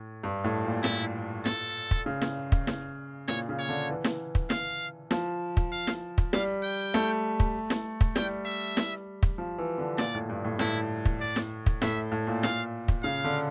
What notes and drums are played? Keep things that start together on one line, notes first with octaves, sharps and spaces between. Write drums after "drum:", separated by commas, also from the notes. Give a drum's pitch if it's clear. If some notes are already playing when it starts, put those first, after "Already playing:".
Already playing: A2
G2
A2
A#2
E4, drum: snare
A4, drum: snare
drum: kick
C#3
drum: snare
drum: kick
drum: snare
A#2 C#5, drum: snare
C#3
C#5
D3
E3
drum: snare
drum: kick
F5, drum: snare
F3, drum: snare
drum: kick
F5
drum: snare
drum: kick
G3 F5, drum: snare
G5
A3, drum: snare
drum: kick
drum: snare
drum: kick
G3 G5, drum: snare
E5
drum: snare
drum: kick
F3
E3
D3
A#2 D5, drum: snare
A2
G2
A2
A2 E4, drum: snare
drum: kick
D5
drum: snare
drum: kick
A2 E5, drum: snare
A2
A#2
F5, drum: snare
drum: kick
C#3 F5
D3